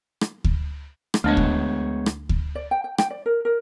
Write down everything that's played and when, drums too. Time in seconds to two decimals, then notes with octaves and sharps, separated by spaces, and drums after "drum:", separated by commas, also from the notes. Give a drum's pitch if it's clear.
0.21 drum: rim click
0.44 drum: kick D2
1.14 drum: rim click
1.24 D2 G#3 A3 B3 D4 C#5 D#5
1.37 drum: kick D2
2.06 drum: rim click
2.29 drum: kick D2
2.55 D5
2.71 G5
2.84 G5
2.98 G5, drum: rim click
3.10 D5
3.26 A#4
3.45 A#4